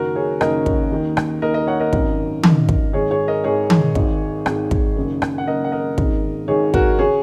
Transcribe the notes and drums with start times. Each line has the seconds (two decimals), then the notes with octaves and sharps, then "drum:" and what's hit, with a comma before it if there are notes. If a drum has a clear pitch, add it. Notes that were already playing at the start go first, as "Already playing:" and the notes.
Already playing: F#1 F#2 D#3 F#4 A#4
0.15 G#4 C#5
0.41 F#1 F#2 D#3 A#4 D#5, drum: rim click
0.66 drum: kick
0.91 D#2 D#3
1.17 drum: rim click
1.42 D#2 D#3 A#4 D#5
1.54 A#4 D#5
1.67 C#5 F#5
1.80 A#4 D#5
1.93 G#1 F#2 D#3, drum: kick
2.43 G#1 F#2 D#3, drum: tom D#3
2.69 drum: kick
2.93 G#1 G#2 D#3 G#4 C#5
3.11 G#4 C#5
3.28 A#4 D#5
3.44 G#1 G#2 D#3 G#4 C#5
3.70 drum: tom D#3
3.95 G#1 G#2 D#3, drum: kick
4.46 G#1 G#2 D#3, drum: rim click
4.71 drum: kick
4.96 F#1 F#2 D#3
5.22 drum: rim click
5.38 F#5
5.47 F#1 F#2 D#3 A#4 D#5
5.64 F#5
5.72 A#4 D#5
5.98 G#1 G#2 D#3, drum: kick
6.48 G#1 G#2 D#3 G#4 C#5
6.74 F#4 A#4, drum: kick
6.99 C#3 G#4 C#5